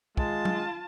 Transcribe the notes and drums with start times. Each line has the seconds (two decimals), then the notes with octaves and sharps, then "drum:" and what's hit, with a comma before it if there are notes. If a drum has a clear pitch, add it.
0.17 G#3 F4 A5, drum: kick
0.45 drum: tom